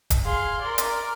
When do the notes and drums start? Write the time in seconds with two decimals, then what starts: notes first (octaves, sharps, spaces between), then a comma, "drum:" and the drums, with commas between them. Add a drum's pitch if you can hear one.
0.10 drum: kick D#1, hi-hat
0.25 G#4 F5 C6
0.61 A#4 D5
0.78 drum: hi-hat